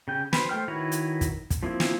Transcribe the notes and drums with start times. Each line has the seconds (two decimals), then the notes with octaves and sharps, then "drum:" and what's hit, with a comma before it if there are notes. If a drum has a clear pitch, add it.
0.08 C#3 G5
0.33 B4 C5, drum: snare
0.49 A3 C5 G5 F6
0.68 D#3 E4 F#4 B4 C#5
0.92 drum: hi-hat
1.21 drum: kick, hi-hat
1.50 drum: kick, hi-hat
1.63 F3 A#3 C4 E4
1.80 drum: snare